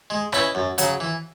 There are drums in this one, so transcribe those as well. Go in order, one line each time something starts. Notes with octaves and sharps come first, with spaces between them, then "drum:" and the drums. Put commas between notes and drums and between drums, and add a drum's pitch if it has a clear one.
G#3
C#4 E4 B4 D#5, drum: rim click
F#2
C#3 F#3, drum: hi-hat
E3